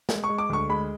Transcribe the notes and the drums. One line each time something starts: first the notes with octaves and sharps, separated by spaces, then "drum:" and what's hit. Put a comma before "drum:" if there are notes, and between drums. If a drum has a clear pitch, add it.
G#3, drum: snare
C#6
G#3
D6
D2 C#6
G#3 B5